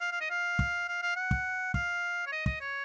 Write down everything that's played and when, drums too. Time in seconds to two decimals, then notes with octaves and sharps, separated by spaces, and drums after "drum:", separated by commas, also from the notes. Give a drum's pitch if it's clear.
0.01 F5
0.11 F5
0.21 D#5
0.30 F5
0.59 drum: kick
0.88 F5
1.02 F5
1.16 F#5
1.31 drum: kick
1.74 F5, drum: kick
2.27 C#5
2.32 D#5
2.46 D#5, drum: kick
2.61 C#5